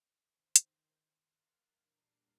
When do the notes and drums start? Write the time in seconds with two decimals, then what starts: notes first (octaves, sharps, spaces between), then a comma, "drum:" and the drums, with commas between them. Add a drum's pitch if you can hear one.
0.12 D#3 C5
0.56 drum: hi-hat
1.22 A#4 F5 C6 F6 F#6 A6
1.64 E2 A#2 G3 D4 A#4 C7